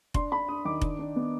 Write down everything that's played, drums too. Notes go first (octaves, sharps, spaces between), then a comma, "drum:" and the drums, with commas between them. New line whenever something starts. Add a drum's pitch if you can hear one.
D4 C6, drum: kick F1
D4 B5
D4 D#6
D#3 D6
D4, drum: kick F1
D4
B3